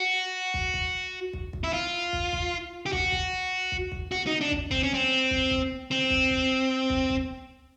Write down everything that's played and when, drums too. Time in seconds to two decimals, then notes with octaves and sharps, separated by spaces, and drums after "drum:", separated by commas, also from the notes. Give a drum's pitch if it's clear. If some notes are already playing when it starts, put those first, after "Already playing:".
Already playing: F#4
0.54 drum: kick
0.74 drum: kick
1.33 drum: kick
1.53 drum: kick
1.64 E4
1.73 F4
2.13 drum: kick
2.33 drum: kick
2.86 G4
2.92 F#4, drum: kick
3.12 drum: kick
3.72 drum: kick
3.92 drum: kick
4.12 F#4
4.27 D#4
4.41 D4
4.51 drum: kick
4.71 C4, drum: kick
4.83 C#4
4.94 C4
5.31 drum: kick
5.51 drum: kick
5.91 C4
6.10 drum: kick
6.30 drum: kick
6.90 drum: kick
7.10 drum: kick